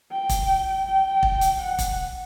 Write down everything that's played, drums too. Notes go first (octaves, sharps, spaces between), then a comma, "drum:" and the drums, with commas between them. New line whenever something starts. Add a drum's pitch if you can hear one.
G5
drum: kick, hi-hat
G5
drum: kick
drum: hi-hat
F#5
drum: kick, hi-hat